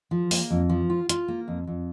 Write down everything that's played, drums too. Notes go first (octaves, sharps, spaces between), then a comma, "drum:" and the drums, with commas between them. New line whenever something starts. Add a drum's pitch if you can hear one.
F3
A#3, drum: open hi-hat
F2
F3
F4
F4, drum: hi-hat
A#3
F2
F2